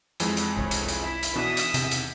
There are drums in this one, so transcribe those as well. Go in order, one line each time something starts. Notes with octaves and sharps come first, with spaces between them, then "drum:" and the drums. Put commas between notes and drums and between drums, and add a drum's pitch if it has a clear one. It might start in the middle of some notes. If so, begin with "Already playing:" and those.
F2 E3 G#3, drum: hi-hat
drum: hi-hat
F#1 C2 C#5
drum: hi-hat
drum: hi-hat
E4 B5
drum: hi-hat
B2 E3 D4 E5 D#6
drum: hi-hat
E2 C3, drum: hi-hat
drum: hi-hat